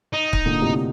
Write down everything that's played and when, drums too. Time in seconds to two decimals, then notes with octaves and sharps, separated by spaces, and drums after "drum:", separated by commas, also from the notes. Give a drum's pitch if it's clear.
0.13 D#4
0.33 drum: kick C#1
0.46 A#2 D3
0.61 A2 C3